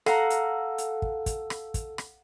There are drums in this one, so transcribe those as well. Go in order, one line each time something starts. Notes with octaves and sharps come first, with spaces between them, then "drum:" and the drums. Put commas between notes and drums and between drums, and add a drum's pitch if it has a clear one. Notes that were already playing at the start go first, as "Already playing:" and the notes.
A4 F5 F#5 A#5, drum: rim click
drum: hi-hat
drum: hi-hat
drum: kick
drum: kick, hi-hat
drum: rim click
drum: kick, hi-hat
drum: rim click